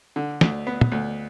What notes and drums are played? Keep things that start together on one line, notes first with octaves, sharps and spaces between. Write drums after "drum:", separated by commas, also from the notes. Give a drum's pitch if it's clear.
D3
D2, drum: snare
B3
drum: tom
D2